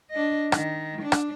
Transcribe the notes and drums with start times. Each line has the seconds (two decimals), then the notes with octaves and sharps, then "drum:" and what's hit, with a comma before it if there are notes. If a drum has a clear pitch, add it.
0.11 D4 D#5
0.52 D#3, drum: rim click
1.02 D4
1.12 drum: rim click